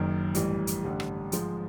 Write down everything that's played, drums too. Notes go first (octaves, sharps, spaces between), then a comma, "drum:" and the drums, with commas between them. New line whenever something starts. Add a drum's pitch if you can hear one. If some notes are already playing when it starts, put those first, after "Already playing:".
Already playing: F#1 F#2 D#3
A1 G2 E3 G3, drum: hi-hat
drum: hi-hat
A1 G2 D3 G3
drum: rim click
G#2 F3 G#3, drum: hi-hat